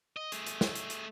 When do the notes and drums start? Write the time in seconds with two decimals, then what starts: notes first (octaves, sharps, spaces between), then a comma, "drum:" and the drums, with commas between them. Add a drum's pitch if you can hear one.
0.17 D#5
0.32 A3 G#4, drum: hi-hat
0.47 drum: hi-hat
0.61 drum: snare
0.75 drum: hi-hat
0.90 drum: hi-hat